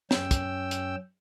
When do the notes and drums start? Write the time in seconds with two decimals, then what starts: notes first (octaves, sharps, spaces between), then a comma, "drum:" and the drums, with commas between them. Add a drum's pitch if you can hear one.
0.11 F#2 C#4 G5 E6, drum: snare
0.31 drum: kick, hi-hat
0.71 drum: hi-hat